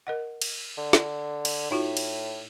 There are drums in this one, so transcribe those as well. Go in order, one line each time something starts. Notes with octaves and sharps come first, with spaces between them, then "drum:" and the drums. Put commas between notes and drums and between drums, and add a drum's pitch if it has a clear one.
A#4 D#5 F#5
drum: cymbal
D3
drum: snare
drum: cymbal
A2 D#4 F4 F#4
drum: cymbal